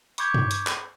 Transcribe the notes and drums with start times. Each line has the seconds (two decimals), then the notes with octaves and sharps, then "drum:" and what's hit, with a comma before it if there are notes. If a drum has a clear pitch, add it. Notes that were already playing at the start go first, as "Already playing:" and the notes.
0.18 B5 C#6 D6 G6 G#6, drum: hi-hat
0.34 drum: tom G2
0.51 drum: hi-hat
0.67 drum: clap